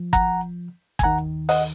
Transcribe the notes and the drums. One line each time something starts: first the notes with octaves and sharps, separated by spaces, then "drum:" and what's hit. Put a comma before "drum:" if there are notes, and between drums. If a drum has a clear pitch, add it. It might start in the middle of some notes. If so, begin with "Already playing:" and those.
Already playing: F3
F#5 A#5, drum: kick
G#5, drum: kick
D#2 D#3 F#5 A#5
D#5 F#5, drum: open hi-hat